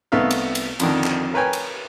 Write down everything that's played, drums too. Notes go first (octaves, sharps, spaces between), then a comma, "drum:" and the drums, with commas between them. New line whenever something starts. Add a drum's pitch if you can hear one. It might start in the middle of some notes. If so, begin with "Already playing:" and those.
C2 A3 B3 D#4 E5 F5
drum: cymbal
drum: cymbal
F2 D3 D#3, drum: cymbal
drum: clap
A#4 B4 C#5 G5 G#5
drum: cymbal